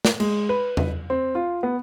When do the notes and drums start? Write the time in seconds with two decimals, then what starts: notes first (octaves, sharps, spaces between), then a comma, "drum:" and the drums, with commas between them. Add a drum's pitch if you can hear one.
0.05 drum: snare
0.20 G#3, drum: cymbal
0.49 B4
0.77 drum: tom E2
1.10 C4
1.35 F4
1.63 B3